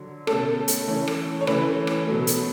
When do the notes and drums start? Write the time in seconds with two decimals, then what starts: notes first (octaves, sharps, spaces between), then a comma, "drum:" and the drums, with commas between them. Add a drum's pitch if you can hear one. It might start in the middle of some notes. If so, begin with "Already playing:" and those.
Already playing: D3 F#3
0.27 B2 A3 C#4 A4, drum: rim click
0.68 drum: hi-hat
0.88 E3 A3 C#4
1.08 drum: rim click
1.41 C#5
1.47 E3 A3 C#4 B4, drum: rim click
1.87 drum: rim click
2.07 B2 F#3 A3
2.27 drum: hi-hat